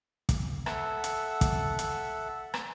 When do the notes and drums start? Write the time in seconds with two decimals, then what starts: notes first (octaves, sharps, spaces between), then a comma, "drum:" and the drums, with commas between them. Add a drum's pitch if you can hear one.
0.29 drum: kick, hi-hat
0.66 A4 E5 F#5, drum: rim click
1.04 drum: hi-hat
1.41 drum: kick, hi-hat
1.79 drum: hi-hat
2.54 drum: rim click